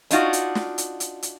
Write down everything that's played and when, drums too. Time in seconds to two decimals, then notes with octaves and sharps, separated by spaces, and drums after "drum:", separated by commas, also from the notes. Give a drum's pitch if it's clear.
0.11 D4 D#4 F4 F#4, drum: hi-hat
0.33 drum: hi-hat
0.55 drum: snare
0.78 drum: hi-hat
1.00 drum: hi-hat
1.23 drum: hi-hat